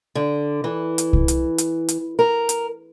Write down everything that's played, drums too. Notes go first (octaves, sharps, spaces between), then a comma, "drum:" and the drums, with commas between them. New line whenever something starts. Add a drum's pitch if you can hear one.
D3
E3
drum: hi-hat
drum: kick C2
drum: hi-hat
drum: hi-hat
drum: hi-hat
A#4
drum: hi-hat